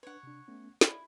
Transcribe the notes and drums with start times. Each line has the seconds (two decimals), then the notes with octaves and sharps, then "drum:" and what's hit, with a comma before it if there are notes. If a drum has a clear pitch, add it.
0.03 D4 B4 C#5 F#5
0.23 C3 D4
0.48 A3 B3 C#4
0.81 E4 D5, drum: snare